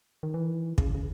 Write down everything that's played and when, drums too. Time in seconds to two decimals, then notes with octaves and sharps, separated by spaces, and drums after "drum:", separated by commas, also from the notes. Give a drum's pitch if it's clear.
0.23 D#3
0.34 E3
0.78 C#3, drum: kick
0.95 C#3